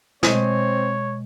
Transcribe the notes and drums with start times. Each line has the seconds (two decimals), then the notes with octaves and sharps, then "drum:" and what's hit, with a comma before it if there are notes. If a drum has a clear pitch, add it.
0.23 B2 G#3 C4 C#5 D#5, drum: snare